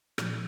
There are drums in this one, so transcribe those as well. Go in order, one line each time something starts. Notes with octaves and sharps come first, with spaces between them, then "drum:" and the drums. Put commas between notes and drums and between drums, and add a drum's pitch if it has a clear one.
A#2 F3, drum: rim click